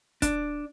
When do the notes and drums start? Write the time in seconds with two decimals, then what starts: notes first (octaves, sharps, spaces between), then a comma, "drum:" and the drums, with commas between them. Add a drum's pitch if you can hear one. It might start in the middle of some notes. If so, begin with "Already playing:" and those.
0.22 D4, drum: kick, hi-hat